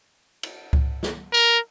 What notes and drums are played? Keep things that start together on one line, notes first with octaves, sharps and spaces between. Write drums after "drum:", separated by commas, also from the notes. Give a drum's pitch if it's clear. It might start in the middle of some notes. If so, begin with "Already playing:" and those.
drum: cymbal
drum: kick C#2
drum: snare
A#4